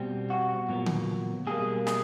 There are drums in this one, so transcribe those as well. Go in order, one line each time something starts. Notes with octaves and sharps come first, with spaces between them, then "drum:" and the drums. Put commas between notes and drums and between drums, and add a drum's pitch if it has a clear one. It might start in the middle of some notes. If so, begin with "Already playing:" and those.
Already playing: B2 G3 C4
F#4
A#2 F#3 B3
drum: tom D3
B2 G3 A#3 G#4
G#4, drum: snare